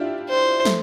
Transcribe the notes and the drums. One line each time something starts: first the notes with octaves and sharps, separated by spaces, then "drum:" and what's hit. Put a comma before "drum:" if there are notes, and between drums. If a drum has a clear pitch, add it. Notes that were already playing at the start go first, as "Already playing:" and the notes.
Already playing: D4 E4 F4 G4
C5
A3, drum: snare